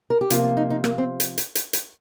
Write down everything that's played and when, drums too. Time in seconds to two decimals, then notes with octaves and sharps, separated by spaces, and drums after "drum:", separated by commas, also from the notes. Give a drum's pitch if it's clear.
0.10 A#4
0.21 G4
0.30 C3 F3 A#3 F4, drum: hi-hat
0.44 F4
0.57 D#4
0.70 D#4
0.84 A#3, drum: rim click
0.98 C4
1.20 drum: hi-hat
1.38 drum: hi-hat
1.55 drum: hi-hat
1.73 drum: hi-hat